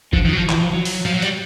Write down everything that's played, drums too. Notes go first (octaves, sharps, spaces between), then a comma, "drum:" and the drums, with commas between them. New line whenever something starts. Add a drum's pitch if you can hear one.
D3 F3, drum: kick G1
D#3
F#3
F3
E3, drum: clap
F3
F#3
drum: open hi-hat
F3
F#3
G3, drum: hi-hat